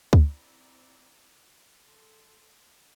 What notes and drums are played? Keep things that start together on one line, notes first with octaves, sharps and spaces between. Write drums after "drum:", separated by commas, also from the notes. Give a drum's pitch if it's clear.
C4 E4 D5 A#5, drum: kick D2
A4 C6